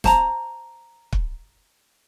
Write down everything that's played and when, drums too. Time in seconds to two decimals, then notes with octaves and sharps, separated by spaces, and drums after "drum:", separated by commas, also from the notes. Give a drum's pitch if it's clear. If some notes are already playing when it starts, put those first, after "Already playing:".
0.04 C5 A5 A#5, drum: snare
1.13 drum: kick